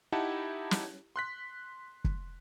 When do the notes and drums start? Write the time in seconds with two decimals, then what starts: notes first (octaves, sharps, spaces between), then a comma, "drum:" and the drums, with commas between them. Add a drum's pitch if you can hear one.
0.12 D#4 E4 G4 F#5 A5
0.71 drum: snare
1.16 C6 F#6 B6
2.04 drum: kick